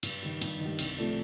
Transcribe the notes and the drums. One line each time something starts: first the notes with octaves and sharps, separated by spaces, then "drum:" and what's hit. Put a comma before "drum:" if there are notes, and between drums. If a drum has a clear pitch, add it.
G2, drum: cymbal
D#3 G3
G2, drum: cymbal
D#3
G3
C2, drum: cymbal
C3 F3 A3 D4